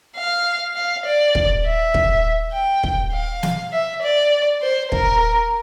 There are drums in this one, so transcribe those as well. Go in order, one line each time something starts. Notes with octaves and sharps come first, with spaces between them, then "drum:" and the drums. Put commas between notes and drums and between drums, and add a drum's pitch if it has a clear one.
F5
F5
D5
drum: kick
E5
drum: kick
G5
drum: kick
F5
drum: snare
E5
D5
C5
A#4, drum: kick